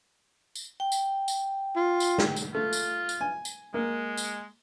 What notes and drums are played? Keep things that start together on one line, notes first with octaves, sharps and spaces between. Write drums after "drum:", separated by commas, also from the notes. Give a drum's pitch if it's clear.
drum: tambourine
G5
drum: tambourine
drum: tambourine
F4
drum: tambourine
drum: snare
drum: tambourine
A3 F4
drum: tambourine
drum: tambourine
G#5
drum: tambourine
G#3 A#3
drum: tambourine